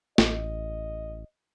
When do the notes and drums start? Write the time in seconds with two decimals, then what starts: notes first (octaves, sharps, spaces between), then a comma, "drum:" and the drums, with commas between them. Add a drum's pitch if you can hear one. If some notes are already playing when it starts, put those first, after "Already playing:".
0.18 A1 D#5, drum: snare